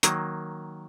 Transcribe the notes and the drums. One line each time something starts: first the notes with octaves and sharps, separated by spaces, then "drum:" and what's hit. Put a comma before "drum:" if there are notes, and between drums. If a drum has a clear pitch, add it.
D#3 F#3 A#3, drum: hi-hat